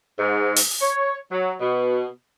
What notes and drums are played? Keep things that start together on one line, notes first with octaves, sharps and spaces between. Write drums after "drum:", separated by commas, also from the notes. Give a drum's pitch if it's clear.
G#2
drum: open hi-hat
C#5
F#3
B2